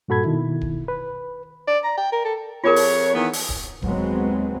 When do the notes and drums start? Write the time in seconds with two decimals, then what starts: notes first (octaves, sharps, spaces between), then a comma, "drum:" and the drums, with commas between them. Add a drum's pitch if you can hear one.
0.08 G2 A#2 F#4 A4 B5 G#6
0.24 B2 D#3 E4
0.61 drum: kick D1
0.88 B4
1.67 D5
1.84 A#5
1.98 G5
2.12 A#4
2.25 A4
2.64 F2 F4 G#4 A#4 C#5
2.76 drum: open hi-hat
3.15 D#3 E3 B3
3.33 drum: open hi-hat
3.49 drum: kick D1
3.82 D#2 F#3 G#3 B3 C4, drum: kick D1